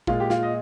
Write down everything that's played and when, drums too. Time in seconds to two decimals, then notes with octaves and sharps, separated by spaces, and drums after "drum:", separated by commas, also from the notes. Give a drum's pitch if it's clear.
0.07 A#2 G#3 F4, drum: kick
0.20 G4
0.30 F4, drum: snare
0.43 D#5